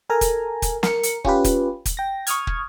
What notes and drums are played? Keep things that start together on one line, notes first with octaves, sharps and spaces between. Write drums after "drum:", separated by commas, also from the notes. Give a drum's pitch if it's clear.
A4 A#4 G#5 A#5
drum: kick, hi-hat
drum: kick, hi-hat
A#4 C#7, drum: snare
drum: hi-hat
C#4 F4 G4 B4, drum: kick
drum: kick, hi-hat
drum: kick, hi-hat
G5 A#6
C#6 D#6 F6 G#6, drum: hi-hat
drum: kick